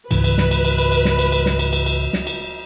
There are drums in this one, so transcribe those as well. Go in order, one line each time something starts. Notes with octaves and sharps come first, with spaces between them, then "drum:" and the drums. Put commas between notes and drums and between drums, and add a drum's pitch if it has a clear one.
C#2 G#2 E3 B4, drum: cymbal
drum: cymbal
drum: snare
drum: cymbal
drum: cymbal
drum: cymbal
drum: cymbal
drum: snare
drum: cymbal
drum: cymbal
drum: snare
drum: cymbal
drum: cymbal
drum: cymbal
drum: snare
drum: cymbal